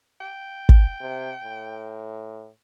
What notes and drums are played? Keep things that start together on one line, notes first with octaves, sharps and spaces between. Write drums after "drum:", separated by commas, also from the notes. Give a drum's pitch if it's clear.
G5
drum: kick
C3
A2